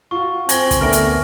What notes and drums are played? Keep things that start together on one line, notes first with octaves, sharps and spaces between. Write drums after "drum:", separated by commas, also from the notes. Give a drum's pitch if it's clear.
F4 F#4 C#6
C4 G#5 G#6 A#6 F#7 G7, drum: hi-hat
drum: kick, hi-hat
D2 A3 B3 D4 A#4 F6 A#6 D7
drum: hi-hat